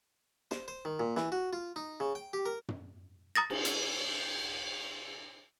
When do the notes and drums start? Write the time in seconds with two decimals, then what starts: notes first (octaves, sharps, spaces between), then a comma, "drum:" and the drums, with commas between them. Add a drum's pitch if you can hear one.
0.51 C5, drum: snare
0.68 C5
0.85 D#3
1.00 A#2
1.17 E3, drum: snare
1.32 F#4
1.53 F4
1.76 D#4
2.00 C#3
2.15 G5
2.33 G4
2.46 A#4
2.68 drum: tom
3.35 A#5 D#6 A6 A#6
3.50 drum: cymbal
3.65 drum: hi-hat